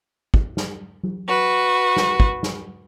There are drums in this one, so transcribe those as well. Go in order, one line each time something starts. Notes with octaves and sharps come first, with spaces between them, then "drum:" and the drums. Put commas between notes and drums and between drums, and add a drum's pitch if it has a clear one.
drum: kick
drum: snare
drum: tom F#3
F#4 B4
drum: snare
drum: kick
drum: snare